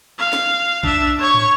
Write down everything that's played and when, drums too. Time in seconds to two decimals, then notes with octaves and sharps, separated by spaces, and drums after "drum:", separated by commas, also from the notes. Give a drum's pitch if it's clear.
0.19 F5
0.33 drum: snare
0.84 D4 E5, drum: kick B1
1.20 C#5 C#6
1.34 drum: tom